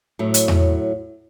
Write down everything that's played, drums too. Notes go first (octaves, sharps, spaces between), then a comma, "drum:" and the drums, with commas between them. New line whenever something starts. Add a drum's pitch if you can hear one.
A2 F#3
drum: hi-hat
drum: tom E2